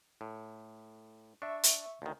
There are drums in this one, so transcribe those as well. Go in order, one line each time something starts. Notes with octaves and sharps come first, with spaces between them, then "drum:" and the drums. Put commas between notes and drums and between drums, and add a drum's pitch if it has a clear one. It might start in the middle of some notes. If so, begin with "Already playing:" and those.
A2
D4 E5 C#6
drum: hi-hat
D2 D#3